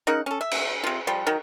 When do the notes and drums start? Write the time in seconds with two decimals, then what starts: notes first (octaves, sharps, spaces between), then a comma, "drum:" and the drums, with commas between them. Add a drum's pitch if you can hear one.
0.07 C#3 D#4 A#4 F#5
0.26 C#4 A4
0.41 E5
0.51 drum: cymbal
0.83 C3 F4
1.07 F3 G3
1.27 D#3 F#3